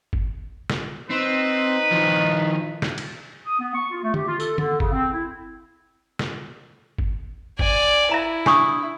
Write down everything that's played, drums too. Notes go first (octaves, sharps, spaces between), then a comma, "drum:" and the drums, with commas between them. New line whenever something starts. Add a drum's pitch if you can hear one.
drum: kick G1
drum: snare
C4 D#4 B4
D#3 F3
drum: snare
drum: cymbal
D#6
B3
C#6
F4
A3
G4, drum: tom D3
F4
A4, drum: tambourine
D3, drum: tom D3
C#3, drum: kick G1
C4
E4
drum: snare
drum: kick G1
D5 G#5, drum: kick G1
E4 E5 A#5
D4 C#6 D#6, drum: snare